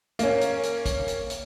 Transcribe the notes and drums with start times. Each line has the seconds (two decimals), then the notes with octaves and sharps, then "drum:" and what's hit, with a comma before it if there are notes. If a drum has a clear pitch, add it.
0.19 A#3 C#4, drum: hi-hat
0.41 drum: hi-hat
0.63 drum: hi-hat
0.86 drum: kick, hi-hat
1.08 drum: hi-hat
1.30 drum: hi-hat